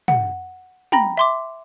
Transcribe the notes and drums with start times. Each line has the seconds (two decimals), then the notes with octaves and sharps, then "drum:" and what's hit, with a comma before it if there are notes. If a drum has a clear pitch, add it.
0.08 F#5, drum: tom
0.92 G5 A#5 B5 A#6, drum: tom
1.17 E5 C6 D6